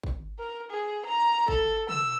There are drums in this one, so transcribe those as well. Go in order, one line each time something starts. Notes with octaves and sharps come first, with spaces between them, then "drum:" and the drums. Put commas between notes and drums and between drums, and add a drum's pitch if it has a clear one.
drum: kick G#1
A#4
G#4
A#5
A4, drum: kick G#1
E6, drum: tom